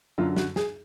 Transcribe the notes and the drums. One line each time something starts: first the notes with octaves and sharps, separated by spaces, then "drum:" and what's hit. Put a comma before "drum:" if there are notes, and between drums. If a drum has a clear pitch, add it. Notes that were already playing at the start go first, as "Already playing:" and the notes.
F#2 D3 F#3 F4
F#4, drum: snare
G#4, drum: snare